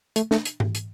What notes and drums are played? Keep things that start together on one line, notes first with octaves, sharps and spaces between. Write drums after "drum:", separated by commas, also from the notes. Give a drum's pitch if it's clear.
A3, drum: hi-hat
A3, drum: snare
drum: hi-hat
drum: tom G#2
drum: hi-hat